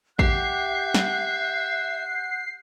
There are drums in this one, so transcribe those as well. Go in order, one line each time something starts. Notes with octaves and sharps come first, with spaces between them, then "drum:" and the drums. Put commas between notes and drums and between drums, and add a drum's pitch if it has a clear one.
G4 E5 F#5 F#6 G6 C7, drum: kick A1
drum: snare